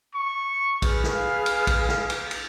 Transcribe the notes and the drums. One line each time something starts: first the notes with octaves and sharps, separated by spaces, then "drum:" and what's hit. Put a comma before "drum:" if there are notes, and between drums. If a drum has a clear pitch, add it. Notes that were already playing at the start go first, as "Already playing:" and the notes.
C#6
G#4 B4 F6, drum: kick A#1, cymbal
drum: snare
F5
drum: cymbal
drum: kick A#1, cymbal
drum: snare
drum: cymbal
drum: cymbal